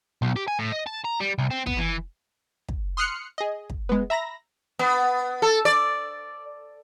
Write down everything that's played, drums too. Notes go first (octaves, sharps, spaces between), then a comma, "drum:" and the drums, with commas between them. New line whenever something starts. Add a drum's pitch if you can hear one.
B1
G4
G#5
A2
D#5
A5
A#5
G3
C2
C4
B3, drum: kick
E3
drum: kick
C6 D#6 F6 F#6 C7 C#7
G#4 D#5
drum: kick
G#3 B3
E5 A#5 B5 A#6
B3
A4
D5